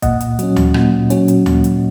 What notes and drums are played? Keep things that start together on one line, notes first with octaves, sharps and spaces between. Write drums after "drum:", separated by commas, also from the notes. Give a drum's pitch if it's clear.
A#2 D#5 F#5, drum: kick B1, hi-hat
drum: hi-hat
F#3 C#4, drum: hi-hat
drum: tom D2
A#2, drum: rim click
F#3 C#4, drum: hi-hat
drum: hi-hat
A#2, drum: tom D2
drum: hi-hat